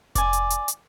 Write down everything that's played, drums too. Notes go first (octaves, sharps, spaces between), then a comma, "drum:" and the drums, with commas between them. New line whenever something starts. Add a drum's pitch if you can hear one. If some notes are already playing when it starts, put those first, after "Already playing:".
D5 G#5, drum: kick F1, hi-hat
drum: hi-hat
drum: hi-hat
drum: hi-hat